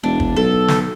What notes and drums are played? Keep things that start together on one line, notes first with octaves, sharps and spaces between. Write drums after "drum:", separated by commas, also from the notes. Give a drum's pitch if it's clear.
E1 D4
drum: kick
B1 A4
drum: snare